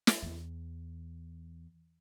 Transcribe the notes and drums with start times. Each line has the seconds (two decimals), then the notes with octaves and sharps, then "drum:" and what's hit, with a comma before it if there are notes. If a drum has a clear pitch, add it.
0.07 drum: snare
0.22 E2